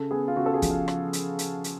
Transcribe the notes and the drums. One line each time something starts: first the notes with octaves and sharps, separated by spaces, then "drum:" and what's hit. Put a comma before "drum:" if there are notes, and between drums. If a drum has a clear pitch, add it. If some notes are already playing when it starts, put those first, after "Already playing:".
Already playing: C#3 A4
B3 G#4
F4
C#3 F#4
A4
G#4
F3, drum: kick, hi-hat
F5
drum: rim click
drum: hi-hat
drum: hi-hat
drum: hi-hat